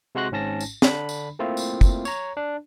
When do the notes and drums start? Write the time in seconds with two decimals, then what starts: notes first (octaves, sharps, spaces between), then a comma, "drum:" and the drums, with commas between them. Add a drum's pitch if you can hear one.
0.15 C3 G#3 F#4 C6 F#6 A#6
0.31 G#1 G#2 C#4 A5 A#6
0.60 drum: tambourine
0.82 D3 D4 B5, drum: snare
1.09 drum: tambourine
1.39 A3 A#3 C4 E4 F4
1.57 drum: tambourine
1.81 drum: kick, tambourine
2.05 C#5 A#5, drum: tambourine
2.37 D4